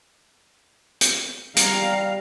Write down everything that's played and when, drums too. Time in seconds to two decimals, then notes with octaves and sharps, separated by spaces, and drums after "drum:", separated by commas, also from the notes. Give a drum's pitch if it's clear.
1.01 drum: hi-hat
1.56 G3 F5 A#5, drum: hi-hat